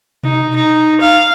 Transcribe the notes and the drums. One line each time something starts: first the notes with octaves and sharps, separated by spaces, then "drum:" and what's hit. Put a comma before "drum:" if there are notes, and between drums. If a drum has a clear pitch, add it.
D#4, drum: tom B2
D#4
F5